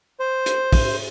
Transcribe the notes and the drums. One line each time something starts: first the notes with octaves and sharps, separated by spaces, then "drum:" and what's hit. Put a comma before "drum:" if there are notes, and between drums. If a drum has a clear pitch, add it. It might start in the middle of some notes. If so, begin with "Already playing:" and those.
C5
drum: hi-hat
drum: kick, open hi-hat